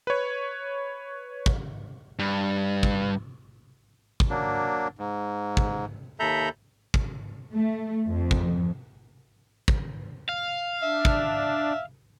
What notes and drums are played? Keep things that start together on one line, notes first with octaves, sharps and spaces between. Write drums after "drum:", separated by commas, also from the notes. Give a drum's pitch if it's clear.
B4 C#5
drum: kick
G2
drum: kick
drum: kick
F#3 A#3 D4
G#2
drum: kick
D#2 A4 E5 A#5 B5 G6
drum: kick
A3
F2
drum: kick
drum: kick
F5
D4 E5
drum: kick